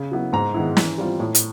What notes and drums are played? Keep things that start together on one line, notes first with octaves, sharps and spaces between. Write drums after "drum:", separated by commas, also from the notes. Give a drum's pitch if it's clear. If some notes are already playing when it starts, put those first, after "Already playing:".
Already playing: C#3
F#3 B3 E4
G#2 A#5
D#3 G#3 B3 E4
E3, drum: snare
G3 C4 F4
A2
drum: hi-hat